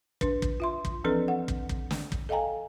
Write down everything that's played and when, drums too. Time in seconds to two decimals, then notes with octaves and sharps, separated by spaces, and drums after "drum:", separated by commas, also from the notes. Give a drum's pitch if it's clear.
0.21 D4 B4, drum: kick
0.42 drum: kick
0.60 F4 E5 C6
0.85 drum: kick
1.04 E3 F3 C4 D4 A4 B4
1.28 F#5
1.48 drum: kick
1.69 drum: kick
1.91 drum: snare
2.12 drum: kick
2.29 A4 D#5 F5 G5 G#5 A#5